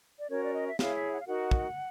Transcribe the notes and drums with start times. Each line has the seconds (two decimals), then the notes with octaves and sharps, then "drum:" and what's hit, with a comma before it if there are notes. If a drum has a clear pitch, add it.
0.18 D5
0.30 C#4 F#4 A#4 C#5
0.43 D5
0.54 D#5
0.67 E5
0.79 E4 G#4 C#5 F5, drum: snare
0.95 E5
1.11 F#5
1.19 F5
1.27 D#4 F#4 A#4 F#5
1.51 drum: kick